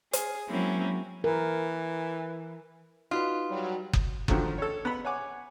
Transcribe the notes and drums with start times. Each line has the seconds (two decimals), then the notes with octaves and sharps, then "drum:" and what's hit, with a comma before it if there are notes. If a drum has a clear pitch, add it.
0.13 G#4, drum: hi-hat
0.48 F#3 G#3 A#3 C4 C#4 E4
1.24 E3 A#4
3.11 D#4 F4 F#4 B4
3.49 F#3 G3
3.94 drum: kick F#1
4.28 D3 D#3 F3 F#3 A3, drum: kick F#1
4.58 A4 C#5
4.85 B3 B5
5.05 C#5 F#5 G#5 D6